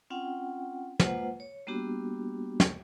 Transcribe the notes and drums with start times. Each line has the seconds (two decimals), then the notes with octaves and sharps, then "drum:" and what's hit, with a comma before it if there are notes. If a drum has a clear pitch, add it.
0.10 C4 C#4 F4 F#5 G5
1.00 G#3 A#3 F4 B4 C5 F#5, drum: snare
1.40 C#5
1.67 G3 A#3 B3 D4 F#4 G4
2.60 drum: snare